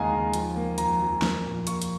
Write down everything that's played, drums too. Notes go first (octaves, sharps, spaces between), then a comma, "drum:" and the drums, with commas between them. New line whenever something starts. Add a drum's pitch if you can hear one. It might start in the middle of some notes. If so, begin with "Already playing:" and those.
Already playing: D#2 C#3 G#3 D#5 F5 G#5 A#5
D#2
F3, drum: hi-hat
A#3
F2 A#5, drum: hi-hat
F2
A#3, drum: snare
A#2
A#3 C#6, drum: hi-hat
drum: hi-hat